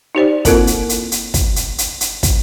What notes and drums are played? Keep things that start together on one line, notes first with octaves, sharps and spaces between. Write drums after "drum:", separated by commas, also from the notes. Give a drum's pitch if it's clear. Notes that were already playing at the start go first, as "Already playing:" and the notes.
D#4 G4 C5 D5
A#3 C4 E4 F4 A4 A#4, drum: kick, hi-hat
drum: hi-hat
drum: hi-hat
drum: hi-hat
drum: kick, hi-hat
drum: hi-hat
drum: hi-hat
drum: hi-hat
drum: kick, hi-hat